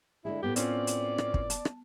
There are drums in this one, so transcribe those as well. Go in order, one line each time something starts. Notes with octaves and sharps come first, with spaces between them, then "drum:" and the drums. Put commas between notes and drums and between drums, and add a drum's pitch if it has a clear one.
D3 G#3 E4 G#4
A2 B3 G4 A#4
C4 C#4 F4 D5, drum: hi-hat
drum: hi-hat
drum: rim click
drum: kick
A5, drum: hi-hat
drum: rim click